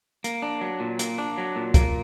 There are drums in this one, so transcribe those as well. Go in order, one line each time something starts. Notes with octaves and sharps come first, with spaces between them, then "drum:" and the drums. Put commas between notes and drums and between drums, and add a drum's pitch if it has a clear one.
A#3, drum: hi-hat
D4
F#3
A#2
A#3, drum: hi-hat
D4
F#3
A#2
A#3, drum: kick, hi-hat